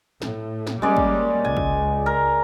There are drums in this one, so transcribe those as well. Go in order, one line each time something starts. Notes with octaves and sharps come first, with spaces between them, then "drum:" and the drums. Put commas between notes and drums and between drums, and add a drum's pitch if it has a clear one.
A2, drum: snare
drum: snare
G3 G#3 A#3 C#4 D5
drum: kick
C#2 G#5
drum: kick
A#4